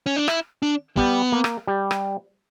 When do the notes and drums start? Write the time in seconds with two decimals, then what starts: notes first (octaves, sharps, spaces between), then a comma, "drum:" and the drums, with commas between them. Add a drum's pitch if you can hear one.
0.06 C#4
0.16 D4
0.28 E4, drum: rim click
0.62 D4
0.97 G3 B3, drum: kick
1.32 A#3
1.44 drum: rim click
1.67 G3
1.91 drum: rim click